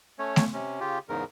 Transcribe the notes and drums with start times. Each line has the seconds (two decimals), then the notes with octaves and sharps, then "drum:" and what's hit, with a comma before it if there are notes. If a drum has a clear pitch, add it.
0.19 A3 C#4 C#5
0.36 drum: snare A3
0.53 C3 C#4
0.80 C#3 F4 G4
1.09 E2 G#2 C#3 A#4